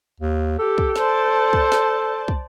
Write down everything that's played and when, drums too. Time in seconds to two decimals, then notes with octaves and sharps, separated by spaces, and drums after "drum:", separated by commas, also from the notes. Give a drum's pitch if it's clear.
0.20 D#2
0.59 G4 A4
0.78 drum: kick
0.96 C5 D5 A5, drum: snare
1.53 drum: kick
1.72 drum: snare
2.28 drum: kick